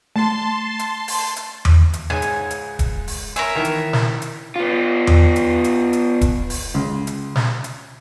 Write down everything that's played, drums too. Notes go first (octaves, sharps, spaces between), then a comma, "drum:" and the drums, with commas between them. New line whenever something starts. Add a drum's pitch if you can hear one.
A3 A5 C6
drum: hi-hat
drum: open hi-hat
drum: hi-hat
drum: tom E2
drum: hi-hat
C#2 G#2 G#5
drum: hi-hat
drum: hi-hat
drum: kick D#1, hi-hat
drum: open hi-hat
A#4 C#5 E5 G#5, drum: hi-hat
D#3 E3
drum: hi-hat
drum: snare
drum: hi-hat
B3 F4
drum: tom E2
drum: hi-hat
drum: hi-hat
drum: hi-hat
drum: kick D#1, hi-hat
drum: open hi-hat
C#2
drum: hi-hat
drum: snare
drum: hi-hat